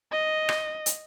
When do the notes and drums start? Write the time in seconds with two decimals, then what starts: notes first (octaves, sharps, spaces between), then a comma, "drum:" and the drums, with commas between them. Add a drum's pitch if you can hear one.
0.12 D#5
0.49 drum: rim click
0.86 drum: hi-hat